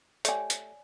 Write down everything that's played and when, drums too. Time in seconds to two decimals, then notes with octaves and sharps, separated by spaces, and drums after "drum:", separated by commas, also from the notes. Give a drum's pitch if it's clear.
0.25 A3 G4 C#5 D5 G#5, drum: hi-hat
0.50 drum: hi-hat